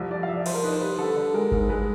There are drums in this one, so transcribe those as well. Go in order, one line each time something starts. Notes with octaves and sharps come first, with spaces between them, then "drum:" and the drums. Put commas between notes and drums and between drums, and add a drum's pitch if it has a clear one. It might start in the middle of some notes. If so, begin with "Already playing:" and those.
Already playing: C2 F3
C2 D5
F5
F3 E5
D5
F3 C5, drum: cymbal
A#4
D#4 B4
C5
G3 B4
D3 A4
D3
G#3 A#4
G#2, drum: kick G1
G#3 B4